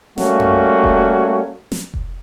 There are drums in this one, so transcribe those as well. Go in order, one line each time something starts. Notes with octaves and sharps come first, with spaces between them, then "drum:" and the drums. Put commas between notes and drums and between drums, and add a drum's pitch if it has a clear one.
G3 A3 A#3 C#4 F#4, drum: snare
drum: tom F#2
drum: kick F1
drum: snare
drum: kick F1